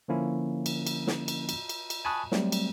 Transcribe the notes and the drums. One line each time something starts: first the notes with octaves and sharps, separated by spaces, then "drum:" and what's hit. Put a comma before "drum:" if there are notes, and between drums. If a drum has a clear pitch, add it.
D3 F3 A#3 C#4 E4
drum: cymbal
drum: cymbal
drum: snare
drum: cymbal
drum: cymbal
drum: cymbal
drum: cymbal
G#5 A5 B5 C#6 D#6 F#6
F#3 G3 A3 C4, drum: snare
drum: cymbal